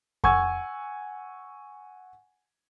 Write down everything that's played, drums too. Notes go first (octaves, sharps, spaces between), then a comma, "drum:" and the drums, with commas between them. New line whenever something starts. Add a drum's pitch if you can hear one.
F#5 G#5 C#6 E6 G#6, drum: kick F2